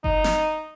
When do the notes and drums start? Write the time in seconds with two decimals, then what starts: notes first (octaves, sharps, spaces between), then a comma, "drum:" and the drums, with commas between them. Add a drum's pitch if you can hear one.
0.04 D#4, drum: kick F#1
0.24 drum: snare